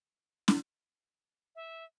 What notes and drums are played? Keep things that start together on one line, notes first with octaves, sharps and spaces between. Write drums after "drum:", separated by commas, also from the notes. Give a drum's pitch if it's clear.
drum: snare
E5